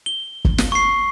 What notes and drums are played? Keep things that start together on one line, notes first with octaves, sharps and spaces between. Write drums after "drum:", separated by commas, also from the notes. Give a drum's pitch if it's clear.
G7
drum: kick G1
drum: snare
C#6 C7